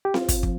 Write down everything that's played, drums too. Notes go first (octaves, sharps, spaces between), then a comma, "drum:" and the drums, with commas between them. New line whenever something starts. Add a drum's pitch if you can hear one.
G4
C4 F4, drum: snare C4
drum: kick, hi-hat
F3, drum: kick